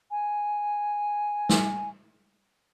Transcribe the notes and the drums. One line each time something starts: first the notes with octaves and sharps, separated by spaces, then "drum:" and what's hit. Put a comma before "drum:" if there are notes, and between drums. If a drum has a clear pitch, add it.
G#5
drum: snare